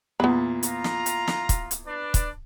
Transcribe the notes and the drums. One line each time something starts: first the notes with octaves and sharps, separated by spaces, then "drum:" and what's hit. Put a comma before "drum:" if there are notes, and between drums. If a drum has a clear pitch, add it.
E2 A#2 B3 B5
F4 A#5, drum: hi-hat
drum: snare
drum: hi-hat
drum: snare
drum: kick, hi-hat
drum: hi-hat
D4 B4 D5
drum: kick, hi-hat